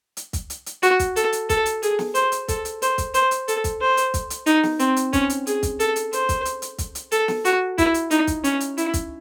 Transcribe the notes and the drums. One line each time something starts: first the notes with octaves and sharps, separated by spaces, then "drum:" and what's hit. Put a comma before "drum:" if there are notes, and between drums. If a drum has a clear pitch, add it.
drum: hi-hat
drum: kick, hi-hat
drum: hi-hat
drum: hi-hat
F#4, drum: hi-hat
drum: kick, hi-hat
A4, drum: hi-hat
drum: hi-hat
A4, drum: kick, hi-hat
drum: hi-hat
G#4, drum: hi-hat
drum: snare
C5, drum: hi-hat
drum: hi-hat
A4, drum: kick, hi-hat
drum: hi-hat
C5, drum: hi-hat
drum: kick, hi-hat
C5, drum: hi-hat
drum: hi-hat
A4, drum: hi-hat
drum: kick, hi-hat
C5
drum: hi-hat
drum: kick, hi-hat
drum: hi-hat
D#4, drum: hi-hat
drum: snare
C4, drum: hi-hat
drum: hi-hat
C#4, drum: kick, hi-hat
drum: hi-hat
G#4, drum: hi-hat
drum: kick, hi-hat
A4, drum: hi-hat
drum: hi-hat
C5, drum: hi-hat
drum: kick, hi-hat
drum: hi-hat
drum: hi-hat
drum: kick, hi-hat
drum: hi-hat
A4, drum: hi-hat
drum: snare
F#4, drum: hi-hat
E4, drum: kick, hi-hat
drum: hi-hat
D#4, drum: hi-hat
drum: kick, hi-hat
C#4, drum: hi-hat
drum: hi-hat
E4, drum: hi-hat
drum: kick, hi-hat